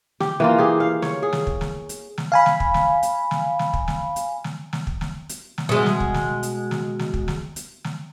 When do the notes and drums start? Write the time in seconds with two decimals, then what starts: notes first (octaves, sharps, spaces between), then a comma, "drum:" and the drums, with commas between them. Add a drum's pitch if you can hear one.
0.20 G4, drum: snare
0.40 E3 A#3 F4
0.58 G4 G#4
0.80 F5
1.02 C#5, drum: snare
1.22 G#4
1.33 drum: snare
1.47 drum: kick
1.61 drum: snare
1.89 drum: hi-hat
2.18 drum: snare
2.32 F5 G#5 B5
2.46 drum: snare
2.60 drum: kick
2.74 drum: snare
3.03 drum: hi-hat
3.31 drum: snare
3.59 drum: snare
3.73 drum: kick
3.88 drum: snare
4.16 drum: hi-hat
4.44 drum: snare
4.73 drum: snare
4.87 drum: kick
5.01 drum: snare
5.29 drum: hi-hat
5.58 drum: snare
5.69 B2 G#3
5.86 drum: snare
6.00 drum: kick
6.14 drum: snare
6.43 drum: hi-hat
6.71 drum: snare
6.99 drum: snare
7.14 drum: kick
7.28 drum: snare
7.56 drum: hi-hat
7.84 drum: snare